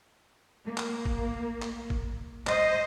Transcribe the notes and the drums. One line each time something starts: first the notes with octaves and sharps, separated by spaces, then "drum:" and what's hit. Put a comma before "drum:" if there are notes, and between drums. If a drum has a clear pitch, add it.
A#3
drum: clap
drum: kick G1
drum: clap
drum: kick G1
C5 D#5, drum: clap